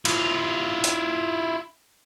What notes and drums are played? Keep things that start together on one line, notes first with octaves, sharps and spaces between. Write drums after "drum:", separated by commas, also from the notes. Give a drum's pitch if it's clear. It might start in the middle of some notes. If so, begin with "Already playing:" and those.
E4 F4, drum: cymbal
drum: hi-hat